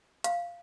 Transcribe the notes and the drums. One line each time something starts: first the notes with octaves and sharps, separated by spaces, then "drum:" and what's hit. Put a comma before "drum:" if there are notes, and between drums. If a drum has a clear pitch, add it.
F5, drum: hi-hat